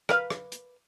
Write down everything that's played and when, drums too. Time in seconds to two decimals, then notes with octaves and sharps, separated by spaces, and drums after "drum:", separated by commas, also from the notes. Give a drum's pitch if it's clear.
0.09 A#4 B4 F5, drum: rim click
0.30 drum: rim click
0.52 drum: hi-hat